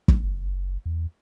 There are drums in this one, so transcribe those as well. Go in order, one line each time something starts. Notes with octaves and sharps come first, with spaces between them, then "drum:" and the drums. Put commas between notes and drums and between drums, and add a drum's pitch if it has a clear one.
drum: kick
F#1
E2